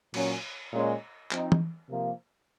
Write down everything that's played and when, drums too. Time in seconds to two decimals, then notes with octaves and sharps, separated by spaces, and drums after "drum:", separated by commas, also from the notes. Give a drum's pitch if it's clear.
0.14 A#2 F#3 C#4, drum: cymbal
0.72 A#2 G#3 C#4
1.31 F3 C4 D#4, drum: clap
1.52 drum: tom
1.90 C3 F3 A#3